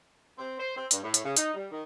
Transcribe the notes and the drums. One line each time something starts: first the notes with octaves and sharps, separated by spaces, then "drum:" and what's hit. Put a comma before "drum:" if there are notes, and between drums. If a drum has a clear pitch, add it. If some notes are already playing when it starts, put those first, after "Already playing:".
C4
C5
C4
G2, drum: hi-hat
A2
drum: hi-hat
C#3
D#4, drum: hi-hat
G3
D#3